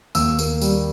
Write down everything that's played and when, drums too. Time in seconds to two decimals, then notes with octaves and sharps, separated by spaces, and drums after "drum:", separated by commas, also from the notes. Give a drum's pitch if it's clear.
0.15 D#2 E6, drum: tambourine
0.39 A#3, drum: tambourine
0.61 G3, drum: tambourine